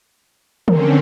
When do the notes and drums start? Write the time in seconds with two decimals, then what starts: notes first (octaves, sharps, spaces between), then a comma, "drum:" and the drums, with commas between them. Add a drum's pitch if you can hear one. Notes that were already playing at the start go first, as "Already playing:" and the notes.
0.68 D3 C4 C#4 A#4, drum: tom